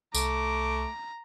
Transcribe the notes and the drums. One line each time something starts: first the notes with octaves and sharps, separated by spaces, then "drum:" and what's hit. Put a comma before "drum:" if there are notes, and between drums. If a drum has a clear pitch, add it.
C2 A3 A#5 D6, drum: tambourine